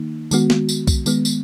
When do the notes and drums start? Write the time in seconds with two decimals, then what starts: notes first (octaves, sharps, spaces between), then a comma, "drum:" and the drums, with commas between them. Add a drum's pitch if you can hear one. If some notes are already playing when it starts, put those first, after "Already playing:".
Already playing: D#3 A#3 D#4
0.31 D#3 G#3 B3 F#4, drum: tambourine
0.50 drum: snare
0.69 drum: tambourine
0.87 drum: kick B1, tambourine
1.06 D#3 G#3 B3, drum: tambourine
1.25 drum: tambourine